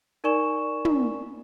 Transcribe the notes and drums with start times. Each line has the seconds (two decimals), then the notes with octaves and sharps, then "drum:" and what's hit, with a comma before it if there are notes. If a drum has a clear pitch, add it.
0.24 D#4 A#4 D5 G#5 C#6 E7
0.85 drum: tom